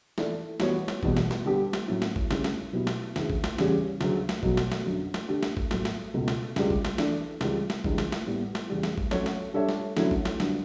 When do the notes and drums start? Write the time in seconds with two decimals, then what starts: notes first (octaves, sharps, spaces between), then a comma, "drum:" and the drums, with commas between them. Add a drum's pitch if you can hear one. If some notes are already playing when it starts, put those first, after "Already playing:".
0.18 E3 A3 E4 A4 D5, drum: snare
0.60 E3 G3 B3 F#4 C#5, drum: snare
0.88 drum: snare
1.03 E2 B2 G3, drum: kick G#1
1.17 drum: snare
1.31 drum: snare
1.46 D3 G3 B3 D4 G4
1.73 drum: snare
1.87 A2 F#3 C#4 E4
2.02 drum: snare
2.16 drum: kick G#1
2.31 D2 C#3 G3 C#4 E4, drum: snare
2.44 drum: snare
2.73 B2 F#3 B3 E4 G4
2.87 drum: snare
3.16 D2 C#3 E3, drum: snare
3.30 drum: kick G#1
3.44 drum: snare
3.58 E2 C#3 G3 C#4 G4, drum: snare
4.01 D2 C#3 F#3, drum: snare
4.29 drum: snare
4.43 B2 F#3 A3, drum: kick G#1
4.57 drum: snare
4.72 drum: snare
4.86 F#2 D3 F#3
5.14 drum: snare
5.28 D3 A3 D4 G4
5.43 drum: snare
5.57 drum: kick G#1
5.71 A2 F#3 A3, drum: snare
5.85 drum: snare
6.14 C#2 B2 A3
6.28 drum: snare
6.56 C#2 C#3 G3, drum: snare
6.70 drum: kick G#1
6.85 drum: snare
6.98 E3 A3 D4, drum: snare
7.41 C#2 C#3 E3 G3, drum: snare
7.70 drum: snare
7.84 C#2 C#3 E3 G3 D4, drum: kick G#1
7.98 drum: snare
8.12 drum: snare
8.27 A2 G3 B3 E4
8.55 drum: snare
8.69 E2 C#3 G3
8.83 drum: snare
8.98 drum: kick G#1
9.11 F#3 A3 C#4 F#4 C#5, drum: snare
9.26 drum: snare
9.54 G3 D4 A4 C#5 E5
9.69 drum: snare
9.97 D3 F#3 A3 C#4 E4, drum: snare
10.11 drum: kick G#1
10.25 drum: snare
10.40 G2 D3 F#3, drum: snare